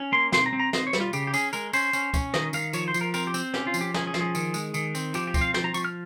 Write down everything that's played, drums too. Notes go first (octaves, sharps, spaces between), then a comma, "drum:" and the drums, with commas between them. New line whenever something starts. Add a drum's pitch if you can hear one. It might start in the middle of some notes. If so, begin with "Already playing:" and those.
Already playing: C#4
A#3 C6
C4 C6, drum: snare
A#5
C4
A#5
C4 D#5, drum: snare
C#5
G3, drum: snare
F4
C#3 G4, drum: tambourine
G4
C#4 G#4, drum: tambourine
G#3 A#4, drum: tambourine
C#4 C5, drum: tambourine
C#4, drum: tambourine
C#4, drum: kick, tambourine
D#3 D#5, drum: snare
D#3 F5, drum: tambourine
F3 C#5, drum: tambourine
C5
F3, drum: tambourine
A#4
C4 A#4, drum: tambourine
G4
C4, drum: tambourine
C#4 G4, drum: snare
F4
F3, drum: tambourine
G4
C#4 G#4, drum: snare
G#4
F3, drum: snare
G#4
D#3, drum: tambourine
G#3, drum: tambourine
D#3, drum: tambourine
C4, drum: tambourine
F3 G4, drum: tambourine
G4
C4, drum: kick, tambourine
F5
F3 G5, drum: snare
A#5
F3 C#6, drum: tambourine
F6